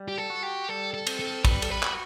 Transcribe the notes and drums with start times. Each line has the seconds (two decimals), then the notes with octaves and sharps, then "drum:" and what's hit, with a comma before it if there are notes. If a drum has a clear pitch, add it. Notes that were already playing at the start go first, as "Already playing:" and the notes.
Already playing: G3
0.08 G4
0.18 A4
0.30 F#4
0.43 G4
0.69 G3 A4
0.94 A4
1.07 C4, drum: cymbal
1.19 A4
1.45 G3 B4, drum: kick, cymbal
1.62 A4, drum: cymbal
1.70 B4
1.83 F#4, drum: clap